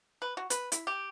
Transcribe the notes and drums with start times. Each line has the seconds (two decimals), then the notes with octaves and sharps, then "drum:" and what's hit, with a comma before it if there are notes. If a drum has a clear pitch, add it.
0.22 B4
0.37 F#4
0.50 B4, drum: hi-hat
0.72 E4, drum: hi-hat
0.87 G4